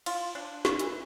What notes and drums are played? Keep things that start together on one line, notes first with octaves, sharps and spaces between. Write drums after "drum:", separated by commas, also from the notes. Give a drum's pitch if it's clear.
F4, drum: cymbal
D4
C#6, drum: snare
E3, drum: hi-hat